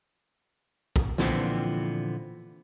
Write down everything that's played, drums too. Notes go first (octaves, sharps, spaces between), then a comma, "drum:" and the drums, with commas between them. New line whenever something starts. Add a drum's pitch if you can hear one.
drum: kick
A#2 D3 E3 F3 B3 C4, drum: snare